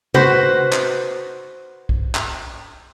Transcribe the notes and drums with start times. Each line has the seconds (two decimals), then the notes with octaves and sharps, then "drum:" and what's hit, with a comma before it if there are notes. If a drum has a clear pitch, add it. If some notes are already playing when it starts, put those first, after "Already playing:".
0.14 F#4 B4 C5, drum: tom C3
0.72 drum: clap
1.89 drum: kick
2.15 drum: clap